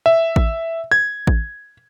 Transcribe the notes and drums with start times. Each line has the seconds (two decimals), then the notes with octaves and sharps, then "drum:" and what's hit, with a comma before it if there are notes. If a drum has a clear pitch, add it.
0.06 E5
0.36 drum: kick A1
0.92 G#6
1.27 drum: kick A1